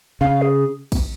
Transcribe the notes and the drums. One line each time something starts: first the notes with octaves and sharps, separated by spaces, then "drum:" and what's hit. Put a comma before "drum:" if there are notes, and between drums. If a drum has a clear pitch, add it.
C#3 F5
G#4
drum: kick, cymbal